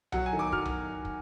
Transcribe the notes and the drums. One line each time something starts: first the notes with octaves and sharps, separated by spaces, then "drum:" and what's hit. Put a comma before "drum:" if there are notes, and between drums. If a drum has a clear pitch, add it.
F#3 F#5, drum: tom B1
G#5
D#3
D6
F#3 F6, drum: kick
drum: tom B1
drum: kick